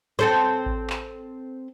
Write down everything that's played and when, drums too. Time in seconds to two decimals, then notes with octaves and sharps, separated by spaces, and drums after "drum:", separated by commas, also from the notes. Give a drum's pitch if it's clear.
0.19 C4 A4 C5
0.66 drum: kick A1
0.90 drum: clap